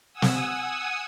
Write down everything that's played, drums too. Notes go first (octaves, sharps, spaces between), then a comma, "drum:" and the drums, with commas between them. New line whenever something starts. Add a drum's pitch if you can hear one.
F#5 G#5 D#6 E6
drum: snare